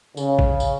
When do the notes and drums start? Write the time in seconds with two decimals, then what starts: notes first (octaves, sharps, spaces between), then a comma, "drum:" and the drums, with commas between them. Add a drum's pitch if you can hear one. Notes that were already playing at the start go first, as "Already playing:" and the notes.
0.17 C#3, drum: tambourine
0.39 drum: kick A1
0.60 drum: tambourine